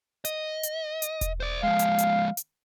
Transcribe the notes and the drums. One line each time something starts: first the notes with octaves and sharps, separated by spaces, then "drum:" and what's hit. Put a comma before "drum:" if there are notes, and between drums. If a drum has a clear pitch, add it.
D#5, drum: hi-hat
drum: hi-hat
drum: hi-hat
drum: kick E1, hi-hat
C5 D5
F3 G#3 F5
drum: hi-hat
drum: hi-hat
drum: hi-hat